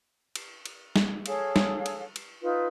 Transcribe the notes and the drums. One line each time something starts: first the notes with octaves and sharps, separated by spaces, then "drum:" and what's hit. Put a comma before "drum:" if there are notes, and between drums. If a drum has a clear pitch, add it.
drum: cymbal
drum: cymbal
drum: snare
G#4 A4 C#5 F5, drum: cymbal
drum: snare
drum: cymbal
drum: cymbal
D#4 F4 B4